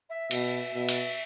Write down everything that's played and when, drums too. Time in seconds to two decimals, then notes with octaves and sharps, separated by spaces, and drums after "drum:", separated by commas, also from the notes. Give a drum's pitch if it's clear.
0.09 E5
0.31 B2 E5, drum: cymbal
0.74 B2
0.89 drum: cymbal